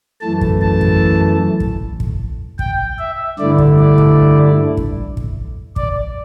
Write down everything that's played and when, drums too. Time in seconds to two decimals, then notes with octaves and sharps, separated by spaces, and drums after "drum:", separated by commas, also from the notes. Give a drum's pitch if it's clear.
0.21 F#2 E3 A3 A5
0.41 drum: kick
0.61 A5
0.81 drum: kick
1.60 drum: kick
2.00 drum: kick
2.59 G5, drum: kick
2.99 E5
3.38 G2 D3 A3 E4 D5
3.58 drum: kick
3.79 D5
3.98 drum: kick
4.77 drum: kick
5.17 drum: kick
5.76 D5, drum: kick